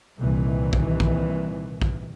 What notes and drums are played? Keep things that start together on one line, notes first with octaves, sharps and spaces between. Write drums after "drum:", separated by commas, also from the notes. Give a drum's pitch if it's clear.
C2 A#2 D#3 E3
drum: kick
drum: kick
drum: kick